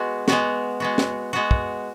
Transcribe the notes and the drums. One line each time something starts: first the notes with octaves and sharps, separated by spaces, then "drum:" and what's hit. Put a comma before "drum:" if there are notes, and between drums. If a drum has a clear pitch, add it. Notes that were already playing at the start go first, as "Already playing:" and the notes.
Already playing: G#3 B3 F#4
G#3 B3 F#4, drum: snare
G#3 B3 F#4
drum: snare
G#3 B3 F#4
drum: kick